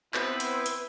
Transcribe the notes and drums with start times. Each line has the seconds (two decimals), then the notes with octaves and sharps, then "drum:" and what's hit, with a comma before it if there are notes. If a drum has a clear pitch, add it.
0.14 B3 C4 E4 B4 C5, drum: clap
0.40 drum: hi-hat
0.66 drum: hi-hat